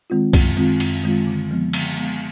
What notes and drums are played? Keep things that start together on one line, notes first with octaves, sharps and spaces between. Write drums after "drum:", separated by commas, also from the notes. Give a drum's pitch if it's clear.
D#3 G#3 C4 F4
F#2, drum: kick C2, cymbal
D#3 G#3 C4 F4
F#2, drum: cymbal
D#3 G#3 C4 F4
D3
F3 G#3 B3
D3, drum: cymbal
F3 G#3 B3